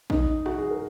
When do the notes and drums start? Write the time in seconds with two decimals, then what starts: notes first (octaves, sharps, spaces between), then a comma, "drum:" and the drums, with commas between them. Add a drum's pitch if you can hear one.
0.10 D#4, drum: kick A#1
0.46 F#4, drum: rim click
0.58 G#4
0.70 A#4